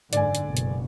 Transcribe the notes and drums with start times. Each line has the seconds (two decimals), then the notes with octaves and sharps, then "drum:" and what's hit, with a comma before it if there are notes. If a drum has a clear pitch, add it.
0.13 F#1 G#2 D3 D5 G#5, drum: hi-hat
0.35 drum: hi-hat
0.46 F#1 B2
0.57 drum: hi-hat